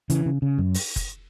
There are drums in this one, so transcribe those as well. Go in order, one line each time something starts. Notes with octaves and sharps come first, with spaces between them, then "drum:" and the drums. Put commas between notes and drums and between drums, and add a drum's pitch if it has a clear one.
C#3 E3, drum: hi-hat
C#3
C#3
F#2
drum: open hi-hat
drum: kick F#1, hi-hat